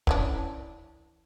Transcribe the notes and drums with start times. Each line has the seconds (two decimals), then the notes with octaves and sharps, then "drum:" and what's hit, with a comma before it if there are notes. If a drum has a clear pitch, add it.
0.07 E3 C#4 D4, drum: kick